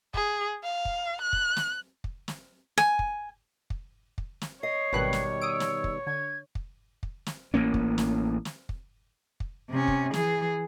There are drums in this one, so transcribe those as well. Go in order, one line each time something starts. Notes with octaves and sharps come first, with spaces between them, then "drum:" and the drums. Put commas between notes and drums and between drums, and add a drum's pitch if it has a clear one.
G#4, drum: kick
F5
drum: kick
F#6
drum: kick
drum: snare
drum: kick
drum: snare
G#5, drum: snare
drum: kick
drum: kick
drum: kick
drum: snare
C#5 D#5 C7
G#1 B2 D#3 G3 B4 F#6
drum: snare
D#6 E6 D7
drum: snare
drum: kick
D3 G#6
drum: kick
drum: kick
drum: snare
A1 A#3 C#4
drum: kick
drum: snare
drum: snare
drum: kick
drum: kick
C3 C#4
drum: kick
E3 G#4, drum: snare